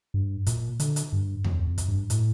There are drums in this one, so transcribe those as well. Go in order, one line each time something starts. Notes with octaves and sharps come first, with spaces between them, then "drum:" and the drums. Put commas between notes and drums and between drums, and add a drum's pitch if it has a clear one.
G2
A#2, drum: kick, hi-hat
D3, drum: hi-hat
drum: hi-hat
G2
F2, drum: tom D#2
F2
drum: kick, hi-hat
G2
A2, drum: hi-hat